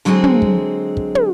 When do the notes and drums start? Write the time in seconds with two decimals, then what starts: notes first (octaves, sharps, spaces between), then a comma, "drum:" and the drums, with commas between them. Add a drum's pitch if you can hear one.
0.05 D3 F#3 G#3 C4 G4 G#4
0.24 drum: tom
0.42 drum: kick
0.97 drum: kick
1.15 drum: tom